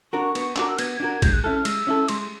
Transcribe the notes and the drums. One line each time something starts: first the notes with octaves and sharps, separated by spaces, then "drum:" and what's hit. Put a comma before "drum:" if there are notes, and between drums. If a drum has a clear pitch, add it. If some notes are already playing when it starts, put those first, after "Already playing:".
D4 F#4 A#4 C#6
B3 C#6, drum: cymbal
D4 F#4 A#4 D6, drum: clap
E6
B3 G#6, drum: cymbal
D4 F#4 A#4 G#6
G#3 G6, drum: kick, cymbal
F#6
C#4 E4 A4 F6
F6
G#3 E6, drum: cymbal
C#4 E4 A4
G#3 C6, drum: cymbal